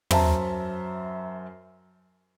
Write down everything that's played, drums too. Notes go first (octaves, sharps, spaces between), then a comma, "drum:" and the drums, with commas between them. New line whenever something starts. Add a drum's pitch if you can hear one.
F#2 C5 E5 A5 A#5, drum: tom